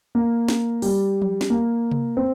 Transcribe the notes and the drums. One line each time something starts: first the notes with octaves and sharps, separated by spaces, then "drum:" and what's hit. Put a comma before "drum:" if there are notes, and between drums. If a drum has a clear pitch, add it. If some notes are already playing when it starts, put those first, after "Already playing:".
A#3
drum: snare
G3, drum: open hi-hat
drum: tom F3
drum: snare
A#3
drum: tom C3
C4